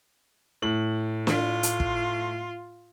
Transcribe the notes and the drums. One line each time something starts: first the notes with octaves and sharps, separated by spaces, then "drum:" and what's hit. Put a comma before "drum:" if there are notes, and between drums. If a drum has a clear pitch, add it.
A2 F#7
F4, drum: snare
drum: hi-hat
drum: kick